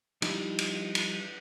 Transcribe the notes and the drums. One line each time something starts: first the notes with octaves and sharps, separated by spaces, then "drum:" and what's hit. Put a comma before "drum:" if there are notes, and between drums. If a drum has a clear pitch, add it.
F3 G3 D#4 E4, drum: cymbal
drum: cymbal
drum: cymbal